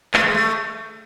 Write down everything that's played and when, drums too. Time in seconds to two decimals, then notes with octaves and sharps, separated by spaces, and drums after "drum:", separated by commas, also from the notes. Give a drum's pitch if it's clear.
0.14 A3, drum: clap
0.23 G#3
0.34 A3